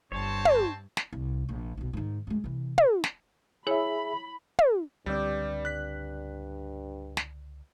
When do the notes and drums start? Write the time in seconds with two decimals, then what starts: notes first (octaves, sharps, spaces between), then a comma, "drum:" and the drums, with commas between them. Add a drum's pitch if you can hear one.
0.12 G1 G2 C4 C5 C#5 A5
0.45 drum: tom
0.97 drum: snare
1.13 C2
1.49 A#1
1.78 B1 B2
1.93 G#2 D#3
2.27 F#2 G#3
2.44 C3 E3
2.78 drum: tom
3.04 drum: snare
3.67 E4 G#4 C#5 E5 B5
4.59 drum: tom
5.06 C#2 G2 D3 G3 C4 D5 E6 G6
5.65 F#6 B6
7.17 drum: snare